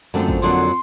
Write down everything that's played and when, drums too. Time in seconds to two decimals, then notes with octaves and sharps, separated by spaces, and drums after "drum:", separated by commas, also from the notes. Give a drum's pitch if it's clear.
0.14 F#2 D3 F3 A3 C4
0.28 drum: kick
0.42 F2 D3 F#3 A#3 C6